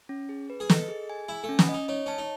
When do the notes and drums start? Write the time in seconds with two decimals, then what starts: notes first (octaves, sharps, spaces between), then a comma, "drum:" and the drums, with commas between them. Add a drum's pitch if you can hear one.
0.09 C#4
0.29 G#4
0.50 B4
0.60 G#4
0.70 A4 D#5, drum: snare
0.88 G#4
1.10 G#5
1.28 E4 G#5
1.43 A3
1.49 C#4
1.59 B3, drum: snare
1.69 D#4 D#5
1.88 D#4 C#5
2.06 C#4 A5
2.18 D#4